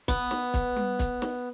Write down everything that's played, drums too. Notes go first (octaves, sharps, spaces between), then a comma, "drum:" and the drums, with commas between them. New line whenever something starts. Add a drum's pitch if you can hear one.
B3, drum: kick, hi-hat
drum: snare
drum: kick, hi-hat
drum: tom G3
drum: kick, hi-hat
drum: snare